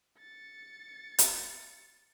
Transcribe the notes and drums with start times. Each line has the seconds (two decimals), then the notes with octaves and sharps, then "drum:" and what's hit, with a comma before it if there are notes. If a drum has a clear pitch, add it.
0.19 A6 C#7
1.19 drum: hi-hat